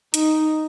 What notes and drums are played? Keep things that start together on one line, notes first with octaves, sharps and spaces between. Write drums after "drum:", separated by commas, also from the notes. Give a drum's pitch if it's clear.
D#4, drum: hi-hat